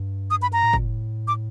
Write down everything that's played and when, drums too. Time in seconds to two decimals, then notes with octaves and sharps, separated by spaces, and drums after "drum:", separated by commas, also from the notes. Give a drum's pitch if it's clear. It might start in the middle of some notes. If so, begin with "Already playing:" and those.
Already playing: G2
0.31 D#6
0.42 B5
0.53 A#5
0.63 A2
0.73 A#2, drum: kick
0.85 A2
1.28 D6